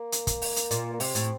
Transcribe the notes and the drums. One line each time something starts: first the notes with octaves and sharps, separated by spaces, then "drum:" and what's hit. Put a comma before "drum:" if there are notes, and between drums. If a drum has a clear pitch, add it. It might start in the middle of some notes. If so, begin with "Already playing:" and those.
Already playing: A#3
drum: hi-hat
drum: kick, hi-hat
drum: open hi-hat
drum: hi-hat
A#2, drum: hi-hat
A#3
C3 C4, drum: open hi-hat
A2, drum: hi-hat